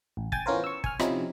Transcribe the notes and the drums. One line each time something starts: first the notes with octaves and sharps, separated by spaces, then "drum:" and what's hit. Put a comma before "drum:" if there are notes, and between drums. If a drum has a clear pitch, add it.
A1
G5 G#5 A6, drum: kick
E3 B3 C#4 F4 A#4 C5
C#6 E6
G#5 F6, drum: kick
C3 F3 C4 C#4 D#4 E4, drum: rim click